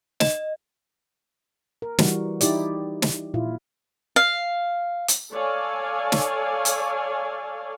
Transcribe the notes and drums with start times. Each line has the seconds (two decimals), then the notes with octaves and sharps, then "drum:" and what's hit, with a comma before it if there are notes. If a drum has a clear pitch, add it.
0.20 D#5, drum: snare
1.82 A#4
1.98 E3 G3 F#4, drum: snare
2.41 D#4 E4 G4 D5, drum: hi-hat
3.02 drum: snare
3.34 A#2 E4 F4
4.16 F5
5.08 drum: hi-hat
5.32 A4 C#5 D5 F5 G#5
6.12 drum: snare
6.65 drum: hi-hat